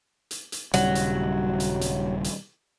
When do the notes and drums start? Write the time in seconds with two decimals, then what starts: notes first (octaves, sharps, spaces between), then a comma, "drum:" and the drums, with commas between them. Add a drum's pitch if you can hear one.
0.31 drum: hi-hat
0.52 drum: hi-hat
0.74 D#1 C#3 F#3 G3, drum: hi-hat
0.95 drum: hi-hat
1.60 drum: hi-hat
1.81 drum: hi-hat
2.24 drum: hi-hat